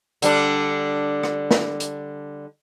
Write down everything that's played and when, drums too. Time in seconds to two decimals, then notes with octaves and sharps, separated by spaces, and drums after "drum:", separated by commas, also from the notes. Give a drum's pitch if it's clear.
0.22 D3 G3 D4, drum: hi-hat
1.23 drum: rim click
1.51 drum: snare
1.80 drum: hi-hat